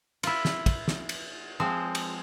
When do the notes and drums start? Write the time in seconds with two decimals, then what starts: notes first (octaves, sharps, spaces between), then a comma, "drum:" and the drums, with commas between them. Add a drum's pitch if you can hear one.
0.23 E4 F4, drum: cymbal
0.45 drum: snare
0.66 drum: kick, cymbal
0.88 drum: snare
1.09 drum: cymbal
1.60 F3 G#3 C4
1.95 drum: cymbal